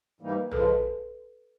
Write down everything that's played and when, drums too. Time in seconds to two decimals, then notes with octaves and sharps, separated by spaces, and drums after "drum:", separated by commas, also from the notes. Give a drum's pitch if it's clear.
0.20 G#2 E3 G3 A#3 D#4
0.51 C#3 F3 G#3 A4 B4, drum: tom A#1